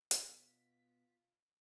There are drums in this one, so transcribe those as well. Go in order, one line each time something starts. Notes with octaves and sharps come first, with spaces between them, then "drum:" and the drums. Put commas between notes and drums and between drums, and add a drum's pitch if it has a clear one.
B2 F4 B6, drum: hi-hat